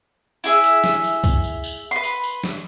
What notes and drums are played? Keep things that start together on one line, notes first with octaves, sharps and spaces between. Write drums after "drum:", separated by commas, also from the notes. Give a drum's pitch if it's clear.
E4 G#4 E5, drum: tambourine
drum: tambourine
drum: snare
drum: tambourine
drum: kick C2, tambourine
drum: tambourine
drum: tambourine
B4 C6
drum: tambourine
drum: tambourine
drum: snare